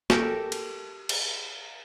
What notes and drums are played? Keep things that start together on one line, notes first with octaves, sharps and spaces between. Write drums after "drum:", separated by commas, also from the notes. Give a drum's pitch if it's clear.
G4 A4 A#4, drum: snare
drum: cymbal
drum: cymbal